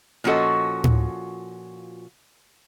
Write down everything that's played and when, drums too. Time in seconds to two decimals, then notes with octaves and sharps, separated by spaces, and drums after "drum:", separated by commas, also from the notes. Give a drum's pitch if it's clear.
0.24 A#2 F3 C#4 F#4 A4 D#5
0.84 drum: tom A2